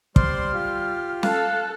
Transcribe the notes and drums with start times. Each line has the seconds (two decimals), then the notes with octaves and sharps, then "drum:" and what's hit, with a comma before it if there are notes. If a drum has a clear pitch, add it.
0.16 G3 C5 D5 C6 F6, drum: kick
0.54 F4 G4
1.23 A4 F5 F#6, drum: snare